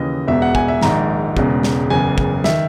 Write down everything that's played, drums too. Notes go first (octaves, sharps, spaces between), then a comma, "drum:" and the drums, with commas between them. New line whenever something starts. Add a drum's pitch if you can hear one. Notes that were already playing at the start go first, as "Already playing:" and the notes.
Already playing: D#2 C#3 E3 D#5
E1 E2 B2 E5
F#5
G#5, drum: kick
E5
A#1 G#2 D#3 A#5, drum: snare
E1 E2 C#3, drum: kick
drum: snare
F#1 E2 C#3 G#5
drum: kick
D#3 E5, drum: snare